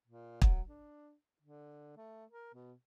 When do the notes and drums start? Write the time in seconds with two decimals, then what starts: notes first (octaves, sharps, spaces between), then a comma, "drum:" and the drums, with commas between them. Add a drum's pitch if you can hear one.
0.07 A#2
0.42 F#3, drum: kick
0.68 D4
1.42 D3
1.97 A3
2.30 A#4
2.54 B2